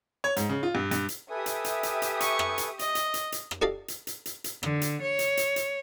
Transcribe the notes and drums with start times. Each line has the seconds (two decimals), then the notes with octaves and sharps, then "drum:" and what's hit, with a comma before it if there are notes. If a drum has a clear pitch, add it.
0.24 C#5
0.37 G#2, drum: hi-hat
0.49 C#3
0.63 F4
0.75 G2
0.91 G2, drum: hi-hat
1.09 drum: hi-hat
1.30 G4 A4 B4 E5 G#5 D#6
1.46 drum: hi-hat
1.65 drum: hi-hat
1.83 drum: hi-hat
2.02 drum: hi-hat
2.20 C#6, drum: hi-hat
2.39 drum: rim click
2.58 drum: hi-hat
2.79 D#5, drum: hi-hat
2.95 drum: hi-hat
3.14 drum: hi-hat
3.32 drum: hi-hat
3.51 drum: rim click
3.62 D4 G4 A4 D5 D#5 F5
3.88 drum: hi-hat
4.07 drum: hi-hat
4.26 drum: hi-hat
4.44 drum: hi-hat
4.63 D3, drum: rim click
4.81 drum: hi-hat
5.01 C#5
5.19 drum: hi-hat
5.37 drum: hi-hat
5.56 drum: hi-hat